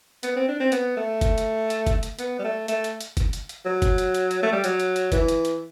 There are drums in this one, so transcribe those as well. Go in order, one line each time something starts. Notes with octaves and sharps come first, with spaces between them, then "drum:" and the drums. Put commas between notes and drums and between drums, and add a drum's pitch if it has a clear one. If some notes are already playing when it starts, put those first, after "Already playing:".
B3, drum: hi-hat
C4
D4
C4
B3, drum: hi-hat
A3
drum: kick F#1, hi-hat
drum: hi-hat
drum: hi-hat
drum: kick F#1, hi-hat
drum: hi-hat
B3, drum: hi-hat
G3
A3
A3, drum: hi-hat
drum: hi-hat
drum: hi-hat
drum: kick F#1, hi-hat
drum: hi-hat
drum: hi-hat
F#3
drum: kick F#1, hi-hat
drum: hi-hat
drum: hi-hat
drum: hi-hat
A3
G3
F#3, drum: hi-hat
drum: hi-hat
drum: hi-hat
E3, drum: kick F#1, hi-hat
drum: hi-hat
drum: hi-hat